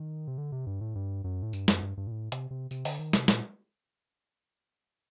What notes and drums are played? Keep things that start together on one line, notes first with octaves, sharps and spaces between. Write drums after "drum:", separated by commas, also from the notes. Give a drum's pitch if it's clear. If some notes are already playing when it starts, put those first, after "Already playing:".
Already playing: D#3
C3
D3
C3
G2
A2
G2
F#2
A2
G2, drum: tambourine
F#2, drum: snare
G2
G2
A#2
A2
C3, drum: hi-hat
C3
C3, drum: tambourine
D3, drum: open hi-hat
D#3
C3, drum: snare
A#2, drum: snare